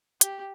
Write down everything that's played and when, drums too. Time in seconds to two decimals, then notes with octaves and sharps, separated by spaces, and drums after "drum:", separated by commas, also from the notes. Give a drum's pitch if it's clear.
0.21 G4, drum: hi-hat